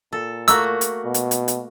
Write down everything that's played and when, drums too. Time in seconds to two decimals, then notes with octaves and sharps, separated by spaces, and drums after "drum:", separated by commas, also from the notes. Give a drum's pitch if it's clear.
0.12 A#2 A4
0.48 A3 A#3 F#4 E6, drum: hi-hat
0.81 drum: hi-hat
1.05 B2
1.14 drum: hi-hat
1.31 drum: hi-hat
1.48 drum: hi-hat